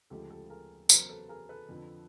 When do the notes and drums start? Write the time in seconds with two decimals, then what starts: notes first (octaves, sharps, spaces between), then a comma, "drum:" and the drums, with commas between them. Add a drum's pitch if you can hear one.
0.10 D2 C#3 F3 G#3 G4 A4
0.30 G4 A4
0.50 G#4 A#4
0.89 E2 C#3 F#3 A#4 C5, drum: tambourine
1.09 A4 B4
1.29 G#4 A#4
1.49 A4 B4
1.69 F2 D3 F3